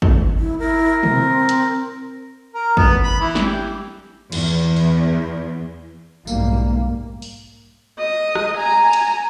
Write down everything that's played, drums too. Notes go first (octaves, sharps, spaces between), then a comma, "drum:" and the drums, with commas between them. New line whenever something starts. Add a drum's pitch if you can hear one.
drum: kick
E4
E4 A#4
C4, drum: tom B2
drum: hi-hat
A#4
B3, drum: kick
B5
E3
drum: snare
G4
E2, drum: cymbal
drum: open hi-hat
F#1 B1 G#2 G3 A#3, drum: tambourine
drum: open hi-hat
D#5
drum: rim click
G#5 A#5
drum: cymbal